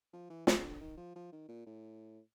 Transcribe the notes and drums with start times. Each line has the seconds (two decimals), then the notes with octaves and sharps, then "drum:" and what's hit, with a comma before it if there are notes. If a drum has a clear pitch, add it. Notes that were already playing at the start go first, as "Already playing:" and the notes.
0.13 F3
0.30 E3
0.47 C#3, drum: snare
0.64 D3
0.81 D#3
0.97 F3
1.15 F3
1.32 D#3
1.49 A#2
1.67 A2